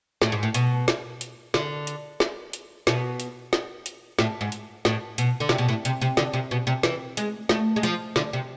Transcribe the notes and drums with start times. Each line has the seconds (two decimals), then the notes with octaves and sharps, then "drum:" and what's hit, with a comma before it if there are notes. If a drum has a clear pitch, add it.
0.22 A2, drum: snare
0.32 G#2
0.43 A2
0.54 B2, drum: hi-hat
0.88 drum: snare
1.21 drum: hi-hat
1.54 D3, drum: snare
1.87 drum: hi-hat
2.20 drum: snare
2.53 drum: hi-hat
2.87 B2, drum: snare
3.20 drum: hi-hat
3.53 drum: snare
3.86 drum: hi-hat
4.19 A2, drum: snare
4.41 G#2
4.52 drum: hi-hat
4.85 A2, drum: snare
5.18 B2, drum: hi-hat
5.40 D3
5.49 C3, drum: snare
5.58 B2
5.68 A2
5.85 C3, drum: hi-hat
6.01 C3
6.17 D3, drum: snare
6.33 C3
6.51 B2
6.67 C3
6.83 E3, drum: snare
7.17 G#3, drum: hi-hat
7.49 A3, drum: snare
7.76 G#3
7.83 F3, drum: hi-hat
8.16 D3, drum: snare
8.33 C3